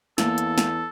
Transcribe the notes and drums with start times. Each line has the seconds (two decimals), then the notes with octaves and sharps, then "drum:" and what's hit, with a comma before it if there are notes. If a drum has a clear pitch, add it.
0.18 E2 A#3 A4, drum: snare
0.38 drum: hi-hat
0.58 drum: snare